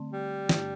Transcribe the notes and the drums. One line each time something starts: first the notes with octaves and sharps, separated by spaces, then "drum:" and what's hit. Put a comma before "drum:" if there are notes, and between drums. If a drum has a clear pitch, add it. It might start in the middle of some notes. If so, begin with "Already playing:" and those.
Already playing: D3 A3 C4
G3
G2 D3 A3 D4, drum: snare